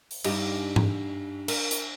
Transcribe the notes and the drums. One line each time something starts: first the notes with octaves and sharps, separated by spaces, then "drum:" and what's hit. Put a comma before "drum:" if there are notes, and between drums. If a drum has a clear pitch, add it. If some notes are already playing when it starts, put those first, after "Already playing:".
drum: open hi-hat
G2 D#4 G4, drum: cymbal
drum: tom G#2
A#4, drum: cymbal
drum: hi-hat